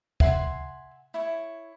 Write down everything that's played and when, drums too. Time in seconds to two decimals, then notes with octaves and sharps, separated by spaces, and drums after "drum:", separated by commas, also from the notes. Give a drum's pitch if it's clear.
0.20 E5 F#5 G#5 C6, drum: kick
1.14 E4 C#5